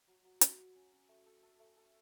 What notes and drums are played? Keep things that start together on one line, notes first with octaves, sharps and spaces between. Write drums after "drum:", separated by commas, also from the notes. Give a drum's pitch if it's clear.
F#3
F#3
F#3, drum: hi-hat
F#4
C#4
C#4
A3
A4
A4
A3
A4